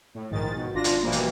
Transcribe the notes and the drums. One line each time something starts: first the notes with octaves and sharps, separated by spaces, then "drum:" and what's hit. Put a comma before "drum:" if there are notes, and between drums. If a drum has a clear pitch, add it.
A2
A#1 G#2 D#3 A6
B2
G#1 D4 F4 A#6
drum: hi-hat
B2 E3 F3 G3 A#3
drum: hi-hat